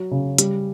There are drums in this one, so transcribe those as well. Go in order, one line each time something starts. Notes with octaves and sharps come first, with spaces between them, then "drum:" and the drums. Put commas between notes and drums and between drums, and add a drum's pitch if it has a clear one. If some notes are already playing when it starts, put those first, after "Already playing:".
Already playing: F#3
C#3
G3, drum: hi-hat